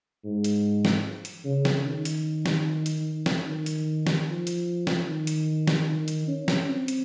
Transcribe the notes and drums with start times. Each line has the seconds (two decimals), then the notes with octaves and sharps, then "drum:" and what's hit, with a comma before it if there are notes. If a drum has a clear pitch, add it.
0.24 G#2
0.44 drum: hi-hat
0.85 drum: snare
1.25 drum: hi-hat
1.45 C#3
1.65 drum: snare
1.85 D#3
2.05 drum: hi-hat
2.46 drum: snare
2.86 drum: hi-hat
3.26 drum: snare
3.46 D#3
3.66 drum: hi-hat
4.07 drum: snare
4.27 F3
4.47 drum: hi-hat
4.87 drum: snare
5.07 D#3
5.27 drum: hi-hat
5.67 drum: snare
5.88 D#3
6.08 drum: hi-hat
6.28 C#4
6.48 drum: snare
6.69 C4
6.88 drum: hi-hat